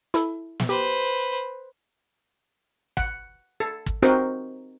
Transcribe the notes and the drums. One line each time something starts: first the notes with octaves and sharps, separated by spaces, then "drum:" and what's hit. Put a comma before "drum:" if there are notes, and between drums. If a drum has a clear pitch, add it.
E4 A4, drum: hi-hat
drum: snare
G4 B4 C5
F#5, drum: kick
A4
drum: kick
C4 D#4 F#4 A#4 C5, drum: hi-hat